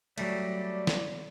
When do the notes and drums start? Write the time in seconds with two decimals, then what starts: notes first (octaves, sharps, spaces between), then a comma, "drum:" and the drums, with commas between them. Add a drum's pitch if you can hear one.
0.18 F#3 G3 A3 D5, drum: cymbal
0.87 drum: snare